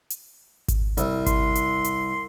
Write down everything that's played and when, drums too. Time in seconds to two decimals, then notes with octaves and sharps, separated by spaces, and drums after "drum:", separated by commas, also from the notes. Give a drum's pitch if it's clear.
0.10 drum: hi-hat
0.68 drum: kick G#1, hi-hat
0.97 C2, drum: hi-hat
1.26 C6, drum: kick G#1, hi-hat
1.55 drum: hi-hat
1.84 drum: hi-hat